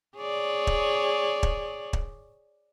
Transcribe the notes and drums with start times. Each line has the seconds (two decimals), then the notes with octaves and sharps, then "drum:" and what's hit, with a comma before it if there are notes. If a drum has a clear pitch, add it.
0.17 G#4 C#5 D5
0.67 drum: kick
1.43 drum: kick
1.93 drum: kick